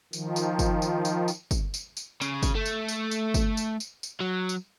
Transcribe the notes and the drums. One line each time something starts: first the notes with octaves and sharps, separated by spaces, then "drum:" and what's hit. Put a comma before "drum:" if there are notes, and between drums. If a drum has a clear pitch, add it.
D#3 F3, drum: tambourine
drum: tambourine
drum: kick, tambourine
drum: tambourine
drum: tambourine
drum: tambourine
drum: kick, tambourine
drum: tambourine
drum: tambourine
C#3, drum: tambourine
drum: kick, tambourine
A3
drum: tambourine
drum: tambourine
drum: tambourine
drum: kick, tambourine
drum: tambourine
drum: tambourine
drum: tambourine
F#3
drum: tambourine